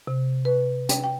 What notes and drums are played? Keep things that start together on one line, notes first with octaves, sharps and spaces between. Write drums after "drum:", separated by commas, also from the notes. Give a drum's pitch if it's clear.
C3
B4
G5, drum: hi-hat
G5